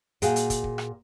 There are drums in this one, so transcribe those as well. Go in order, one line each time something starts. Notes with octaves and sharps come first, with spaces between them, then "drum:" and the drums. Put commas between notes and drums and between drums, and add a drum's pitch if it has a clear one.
A#2 F#4 G#4 G5, drum: hi-hat
drum: hi-hat
drum: kick, hi-hat
drum: kick
drum: rim click